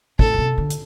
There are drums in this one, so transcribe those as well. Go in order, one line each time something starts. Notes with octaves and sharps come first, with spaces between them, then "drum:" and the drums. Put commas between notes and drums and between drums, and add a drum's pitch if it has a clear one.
A2 A4, drum: kick
D3
C3
D3
drum: hi-hat